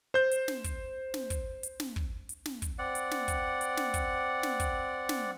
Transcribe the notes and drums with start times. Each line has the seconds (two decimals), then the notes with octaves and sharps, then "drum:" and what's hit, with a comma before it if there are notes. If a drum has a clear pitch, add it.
0.14 C5 G6
0.31 drum: hi-hat
0.48 drum: snare
0.64 drum: kick, hi-hat
1.14 drum: snare
1.30 drum: kick, hi-hat
1.63 drum: hi-hat
1.80 drum: snare
1.96 drum: kick
2.29 drum: hi-hat
2.46 drum: snare
2.62 drum: kick, hi-hat
2.78 C4 D5 F#5
2.95 drum: hi-hat
3.11 drum: snare
3.28 drum: kick, hi-hat
3.61 drum: hi-hat
3.77 drum: snare
3.94 drum: kick, hi-hat
4.43 drum: snare
4.60 drum: kick, hi-hat
5.09 drum: snare